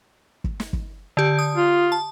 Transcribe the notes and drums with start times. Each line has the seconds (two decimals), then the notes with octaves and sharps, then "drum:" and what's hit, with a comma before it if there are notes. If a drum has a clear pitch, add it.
0.44 drum: kick
0.60 drum: snare
0.73 drum: kick
1.17 D3 G4
1.39 D#6
1.57 F4
1.92 A5